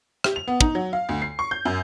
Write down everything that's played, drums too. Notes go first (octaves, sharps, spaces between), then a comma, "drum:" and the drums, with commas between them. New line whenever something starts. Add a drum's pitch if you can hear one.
G4, drum: rim click
F7
B3
D#4, drum: kick
F#3
F5
D2
C7
C#6
G6
F#2